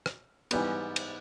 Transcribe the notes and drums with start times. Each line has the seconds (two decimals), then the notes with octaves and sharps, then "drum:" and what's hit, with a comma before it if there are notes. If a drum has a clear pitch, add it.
0.06 drum: rim click
0.51 G#2 E3 G3 B3, drum: cymbal
0.96 drum: cymbal